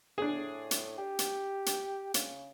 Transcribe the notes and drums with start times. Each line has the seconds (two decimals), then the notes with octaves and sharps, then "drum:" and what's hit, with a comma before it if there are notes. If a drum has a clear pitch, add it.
0.18 A2 D4 G#4
0.71 drum: hi-hat
0.98 G4
1.19 drum: hi-hat
1.66 drum: hi-hat
2.14 C#3, drum: hi-hat